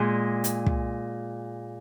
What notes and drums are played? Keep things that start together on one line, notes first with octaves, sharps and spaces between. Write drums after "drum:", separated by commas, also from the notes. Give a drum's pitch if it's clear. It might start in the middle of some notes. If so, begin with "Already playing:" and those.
Already playing: A#2 G#3
drum: hi-hat
drum: kick